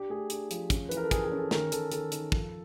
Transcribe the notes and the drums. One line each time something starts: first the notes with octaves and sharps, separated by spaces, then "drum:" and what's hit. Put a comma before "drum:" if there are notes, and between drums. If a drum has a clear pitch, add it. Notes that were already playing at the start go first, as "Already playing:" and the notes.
Already playing: D4 G4
A3 G#4
D4, drum: hi-hat
F3, drum: hi-hat
C#4, drum: kick, hi-hat
B4
E3, drum: hi-hat
A#4
A4
E3 G#4, drum: kick, hi-hat
G#4
C#4
A4
D#3 A#4, drum: snare
D#3 A4, drum: hi-hat
D#3 A4, drum: hi-hat
D#3, drum: hi-hat
F3, drum: kick